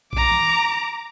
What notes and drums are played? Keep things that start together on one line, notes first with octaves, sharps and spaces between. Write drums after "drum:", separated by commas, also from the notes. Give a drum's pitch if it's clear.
A#5 D6, drum: kick
drum: tom D#3